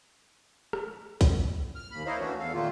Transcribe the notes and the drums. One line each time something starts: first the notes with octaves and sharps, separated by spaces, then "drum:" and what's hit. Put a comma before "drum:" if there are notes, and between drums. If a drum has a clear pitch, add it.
drum: rim click
drum: kick, hi-hat
F6
D#2 B5
E4 A#4 C5 C#5 D#5 F5
E3 A3 C#4 D4 F#4
E2 A4 F5
A#2 D#3 A3 A#3 F4